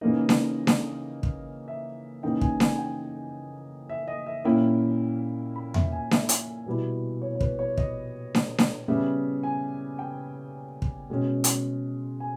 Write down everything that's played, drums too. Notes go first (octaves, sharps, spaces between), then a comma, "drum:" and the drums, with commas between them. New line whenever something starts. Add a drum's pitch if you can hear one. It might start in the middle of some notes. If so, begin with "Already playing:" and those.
C#3 E3 A#3 D#4 D#5
drum: snare D4
drum: snare D4
drum: kick
E5
C#3 E3 A#3 D#4 G5
G#5, drum: kick
G#5, drum: snare D4
G#5
G5
E5
D#5
E5
A#2 A#3 C#4 E4 G5
B5
E5, drum: tom E2
G#5
E5, drum: snare D4
drum: hi-hat
B2 G3 B3 E4
C#5
C#5
B4, drum: kick
C#5
D#5, drum: kick
drum: snare D4
drum: snare D4
C#3 G3 B3 E5
G#5
G5
drum: kick
B2 G#3 C#4
drum: hi-hat
G#5